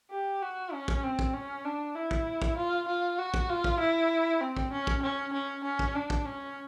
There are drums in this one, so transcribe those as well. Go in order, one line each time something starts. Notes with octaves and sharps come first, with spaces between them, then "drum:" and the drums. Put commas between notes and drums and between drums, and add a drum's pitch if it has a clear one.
G4
F#4
C#4
drum: kick
C4
drum: kick
C#4
D4
E4
drum: kick
drum: kick
F4
F4
F#4
drum: kick
F4
drum: kick
E4
C4
drum: kick
C#4
drum: kick
C#4
C#4
C#4
drum: kick
D4
drum: kick
C#4